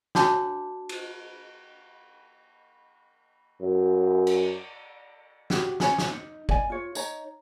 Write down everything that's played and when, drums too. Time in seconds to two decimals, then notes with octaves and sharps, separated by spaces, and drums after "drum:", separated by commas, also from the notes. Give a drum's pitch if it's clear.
0.15 D4 F#4 C#5 A5 D6, drum: snare
0.89 drum: cymbal
3.61 F#2
4.27 drum: cymbal
5.50 F#4 G4, drum: snare
5.80 C#4 C#5 G#5 B5, drum: snare
5.98 drum: snare
6.11 D#4
6.49 D5 D#5 G#5, drum: kick
6.70 F4 C#5
6.95 D#4 C#5 A#5, drum: tambourine